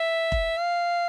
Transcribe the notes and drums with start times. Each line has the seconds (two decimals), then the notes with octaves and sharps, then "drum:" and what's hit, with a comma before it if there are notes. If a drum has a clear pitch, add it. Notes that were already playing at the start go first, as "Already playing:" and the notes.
Already playing: E5
0.32 drum: kick F1
0.57 F5